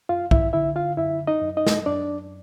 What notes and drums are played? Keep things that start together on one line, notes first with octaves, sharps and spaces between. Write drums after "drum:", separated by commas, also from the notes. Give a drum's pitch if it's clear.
F#2 F4 F5
E4 E5, drum: kick B1
D3 E4 E5
F4 F5
F#2 E4 E5
D#4 D#5
F#2
D#4 D#5
drum: snare
F#2 D4 D5